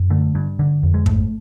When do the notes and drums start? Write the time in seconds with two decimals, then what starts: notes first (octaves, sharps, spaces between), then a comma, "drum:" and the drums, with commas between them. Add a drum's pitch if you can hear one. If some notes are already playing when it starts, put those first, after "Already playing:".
Already playing: F#2
0.10 D3 A3
0.35 G2
0.59 D3
0.83 F2
0.94 G#3
1.06 G#2 A3, drum: kick